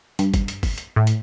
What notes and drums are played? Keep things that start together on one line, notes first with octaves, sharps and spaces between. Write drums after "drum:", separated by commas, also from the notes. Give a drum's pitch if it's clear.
G2, drum: hi-hat
drum: kick, hi-hat
drum: hi-hat
drum: kick, open hi-hat
drum: hi-hat
A2
drum: hi-hat